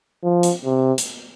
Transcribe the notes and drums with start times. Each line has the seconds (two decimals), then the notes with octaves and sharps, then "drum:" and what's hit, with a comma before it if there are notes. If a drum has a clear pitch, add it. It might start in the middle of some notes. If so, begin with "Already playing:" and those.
0.24 F3
0.43 drum: hi-hat
0.64 C3
0.98 drum: hi-hat